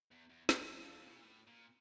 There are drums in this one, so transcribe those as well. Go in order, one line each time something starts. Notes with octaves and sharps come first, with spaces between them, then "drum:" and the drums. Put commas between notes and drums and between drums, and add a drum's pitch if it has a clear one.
E2
E2
F#2, drum: snare
F2
E2
F2
C3
B2
A#2
A2
A#2